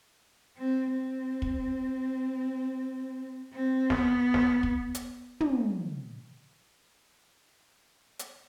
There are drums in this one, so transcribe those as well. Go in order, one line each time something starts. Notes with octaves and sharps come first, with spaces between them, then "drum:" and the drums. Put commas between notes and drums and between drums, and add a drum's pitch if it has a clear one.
C4
C4
drum: kick
C4
B3, drum: snare
drum: snare
drum: kick
drum: hi-hat
drum: tom
drum: hi-hat